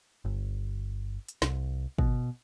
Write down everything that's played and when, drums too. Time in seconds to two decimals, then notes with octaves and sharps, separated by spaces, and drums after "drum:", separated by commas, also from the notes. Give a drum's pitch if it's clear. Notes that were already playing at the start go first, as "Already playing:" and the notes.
0.25 G1
1.29 drum: hi-hat
1.42 C2, drum: snare
1.98 B2, drum: kick